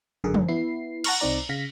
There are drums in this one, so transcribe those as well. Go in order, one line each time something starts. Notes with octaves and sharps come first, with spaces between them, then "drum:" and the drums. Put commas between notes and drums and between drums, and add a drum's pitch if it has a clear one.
G#1 F#2 D3 G#4 A#4
drum: tom
B3 E4 C7
F#5 A5 A#5 C#6 F6, drum: cymbal
C2 C4 D#4 D5 A#5
C#3 F5 A#6 B6